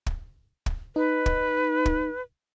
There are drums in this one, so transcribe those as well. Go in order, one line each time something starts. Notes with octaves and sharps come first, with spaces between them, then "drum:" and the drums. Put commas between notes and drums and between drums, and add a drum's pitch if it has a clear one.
drum: kick
drum: kick
D#4 B4
drum: kick
drum: kick